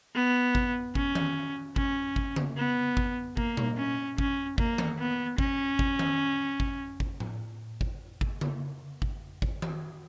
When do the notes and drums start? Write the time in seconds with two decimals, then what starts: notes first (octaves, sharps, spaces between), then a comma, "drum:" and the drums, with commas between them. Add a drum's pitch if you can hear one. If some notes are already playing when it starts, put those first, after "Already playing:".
0.14 B3
0.55 drum: kick G#1
0.95 C#4, drum: kick G#1
1.15 drum: tom D#3
1.76 C#4, drum: kick G#1
2.16 drum: kick G#1
2.36 drum: tom C#3
2.57 B3
2.97 drum: kick G#1
3.37 A#3, drum: kick G#1
3.57 drum: tom A#2
3.78 C#4
4.18 C#4, drum: kick G#1
4.58 A#3, drum: kick G#1
4.78 drum: tom D#3
4.98 B3
5.38 C#4, drum: kick G#1
5.79 drum: kick G#1
5.99 drum: tom D#3
6.60 drum: kick G#1
7.00 drum: kick G#1
7.20 drum: tom A2
7.81 drum: kick G#1
8.21 drum: kick G#1
8.41 drum: tom C#3
9.02 drum: kick G#1
9.42 drum: kick G#1
9.62 drum: tom D#3